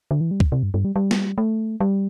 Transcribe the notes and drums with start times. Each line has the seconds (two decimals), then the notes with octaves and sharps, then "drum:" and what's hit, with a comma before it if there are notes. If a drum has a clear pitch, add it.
0.11 D3
0.21 E3
0.31 G3
0.40 drum: kick
0.52 C3
0.63 G2
0.74 G2
0.84 G3
0.96 G3
1.11 drum: snare
1.38 A3
1.80 G3